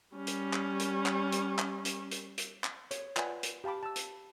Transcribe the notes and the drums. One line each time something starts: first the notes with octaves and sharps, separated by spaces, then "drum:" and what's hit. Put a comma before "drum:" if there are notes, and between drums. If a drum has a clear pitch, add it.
G3 C#4
drum: hi-hat
drum: clap
drum: hi-hat
drum: clap
drum: hi-hat
drum: clap
drum: hi-hat
drum: hi-hat
drum: hi-hat
drum: clap
C#5, drum: hi-hat
F4 B4 D5 F#5 G#5, drum: clap
drum: hi-hat
G4 F5 A5 B5 D6
A5 E6
drum: hi-hat